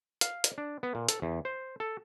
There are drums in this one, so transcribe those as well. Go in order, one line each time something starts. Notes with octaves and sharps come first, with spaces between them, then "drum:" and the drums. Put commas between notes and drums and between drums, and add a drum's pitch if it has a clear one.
F5, drum: hi-hat
drum: hi-hat
D4
B3
A#2
A4, drum: hi-hat
E2
C5
A4